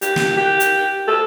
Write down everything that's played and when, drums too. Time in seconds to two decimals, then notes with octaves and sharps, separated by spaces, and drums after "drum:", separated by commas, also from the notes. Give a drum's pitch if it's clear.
0.02 G4, drum: hi-hat
0.16 drum: snare
0.37 G4
0.60 drum: hi-hat
1.07 A4